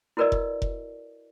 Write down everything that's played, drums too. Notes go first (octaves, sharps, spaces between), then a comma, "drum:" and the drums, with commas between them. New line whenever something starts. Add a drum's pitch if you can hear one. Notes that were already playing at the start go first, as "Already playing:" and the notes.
E4 F#4 A#4 B4 D5 D#5
drum: kick F1
drum: kick F1